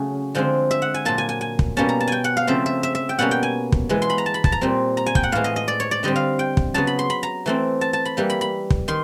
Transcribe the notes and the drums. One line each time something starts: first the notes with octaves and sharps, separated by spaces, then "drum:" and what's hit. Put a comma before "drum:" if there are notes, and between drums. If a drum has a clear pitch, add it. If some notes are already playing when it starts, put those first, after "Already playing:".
Already playing: C#3 F#3 A3 C#4
D3 F3 G#3 C4
E5
F#5
G#5
A#2 F#3 A#3 A5
G#5
G#5
G#5
drum: kick
B2 G3 A#3 C#4 A5
A#5
A5
G5 G#5
F#5
F5
C#3 F3 A3 C4 E5
E5
E5
E5
G5
B2 G3 A#3 C#4 F#5
G5
G#5
drum: kick
E3 G#3 B3
C6
B5
A#5
A5
B5
A5, drum: kick
A#5
A#2 G3 C4
A#5
G#5
G5, drum: kick
F#5
A2 E3 G#3 F5
D#5
D#5
D5
C#5
D5
D3 G3 C4 D#5
F5
G5
drum: kick
C#3 F#3 B3 A5
B5
C6
B5
A#5
E3 A3 C4
A5
A5
B5
E3 G3 A#3
B5
B5
drum: kick
D#3 C6